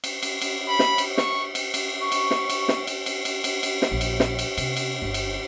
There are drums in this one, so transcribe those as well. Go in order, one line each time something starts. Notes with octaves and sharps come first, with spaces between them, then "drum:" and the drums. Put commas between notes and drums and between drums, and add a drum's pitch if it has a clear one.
drum: cymbal
drum: cymbal
drum: cymbal
B5
drum: snare
drum: cymbal
C#6, drum: snare
drum: cymbal
drum: cymbal
C#6
drum: cymbal
drum: snare
drum: cymbal
drum: snare
drum: cymbal
drum: cymbal
drum: cymbal
drum: cymbal
drum: cymbal
drum: snare
A#1
drum: cymbal
drum: snare
drum: cymbal
C3, drum: cymbal
drum: cymbal
G1
drum: cymbal